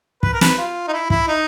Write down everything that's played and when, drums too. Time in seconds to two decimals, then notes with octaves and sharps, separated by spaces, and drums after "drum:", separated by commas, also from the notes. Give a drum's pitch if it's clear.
0.23 B4, drum: kick
0.33 A#4
0.41 B4, drum: snare
0.58 F4
0.88 D#4
0.93 E4
1.10 E4, drum: kick
1.28 D#4